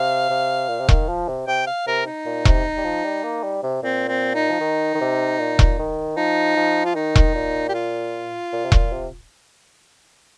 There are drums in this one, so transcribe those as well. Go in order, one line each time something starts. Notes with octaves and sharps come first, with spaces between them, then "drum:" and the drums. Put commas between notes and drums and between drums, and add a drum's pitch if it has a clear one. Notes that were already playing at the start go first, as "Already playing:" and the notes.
Already playing: C3 F5
C3
A#2
C3
D#3, drum: kick E1
F3
C3
C3 G5
F5
C3 A#4
D#4
A#2
C3, drum: kick E1
G3
F3
G3
A#3
G3
C3
A#2 C4
C4
D#4
F3
D#3
D#3
C3
A#2
drum: kick E1
D#3
F3 D#4
F3
F4
D#3 D#4
drum: kick E1
A#2
G4
F4
A#2
C3
A#2, drum: kick E1
C3